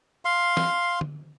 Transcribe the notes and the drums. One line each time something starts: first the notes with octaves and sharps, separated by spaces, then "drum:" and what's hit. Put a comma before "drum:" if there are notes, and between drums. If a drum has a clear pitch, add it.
F5 C6
drum: snare
drum: tom D3